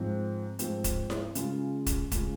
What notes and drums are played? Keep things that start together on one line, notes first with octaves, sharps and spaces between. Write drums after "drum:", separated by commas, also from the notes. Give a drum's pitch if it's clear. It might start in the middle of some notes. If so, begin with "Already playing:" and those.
Already playing: G#2 F3 C4
G#2 F3 C4, drum: hi-hat
drum: kick, hi-hat
drum: snare E4
C#3 G#3 C#4 F4, drum: hi-hat
drum: kick, hi-hat
C#3 G#3 C#4 F4, drum: kick, hi-hat